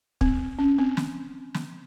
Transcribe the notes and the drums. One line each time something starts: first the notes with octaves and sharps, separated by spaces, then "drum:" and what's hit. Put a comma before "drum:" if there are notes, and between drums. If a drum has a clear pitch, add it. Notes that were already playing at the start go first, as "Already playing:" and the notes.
C4, drum: kick
C#4
C4
drum: snare
drum: snare